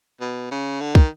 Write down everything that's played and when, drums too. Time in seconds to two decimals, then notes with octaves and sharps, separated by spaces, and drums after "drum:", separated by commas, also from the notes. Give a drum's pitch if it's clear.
0.21 B2
0.52 C#3
0.81 D3
0.95 D#3, drum: kick